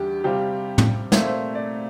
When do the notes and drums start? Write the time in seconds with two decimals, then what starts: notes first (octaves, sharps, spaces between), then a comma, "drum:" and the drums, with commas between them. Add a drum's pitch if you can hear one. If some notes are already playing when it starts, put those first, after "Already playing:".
Already playing: E2 D3 G3 G4
0.24 C3 G3 C4 F4 G4
0.78 drum: tom
1.12 A#2 A3 C4 E5, drum: snare
1.26 C5
1.55 D5